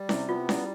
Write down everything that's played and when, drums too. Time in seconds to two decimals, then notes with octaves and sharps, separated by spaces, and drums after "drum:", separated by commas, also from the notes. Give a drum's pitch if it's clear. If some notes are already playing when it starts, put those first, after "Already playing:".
Already playing: G3
0.09 C3 E4, drum: snare C#4
0.28 B3 F4
0.49 G3 E4, drum: snare C#4